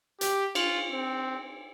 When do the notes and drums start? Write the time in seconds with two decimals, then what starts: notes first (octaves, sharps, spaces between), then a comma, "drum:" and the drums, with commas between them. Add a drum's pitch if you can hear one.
0.21 G4, drum: hi-hat
0.55 F4, drum: cymbal
0.91 C4